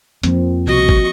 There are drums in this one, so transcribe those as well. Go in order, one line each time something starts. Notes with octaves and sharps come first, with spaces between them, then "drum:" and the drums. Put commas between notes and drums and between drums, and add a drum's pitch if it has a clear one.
F2 F3 A#3 C4, drum: hi-hat
C2 B2 F#4 D#5 C#6
drum: kick G#1